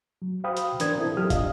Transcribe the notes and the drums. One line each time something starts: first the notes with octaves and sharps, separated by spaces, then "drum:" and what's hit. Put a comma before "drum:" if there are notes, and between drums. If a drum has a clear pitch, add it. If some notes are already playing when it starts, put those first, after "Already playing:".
F#3
F#4 C5 F5 G5 B5 D#6
drum: hi-hat
E3 D4 A#4 C5 D#6 G#6, drum: hi-hat
C4 E4 A4
F#3 F4 G4 D#6 F6
D4 D#5 F5, drum: kick, hi-hat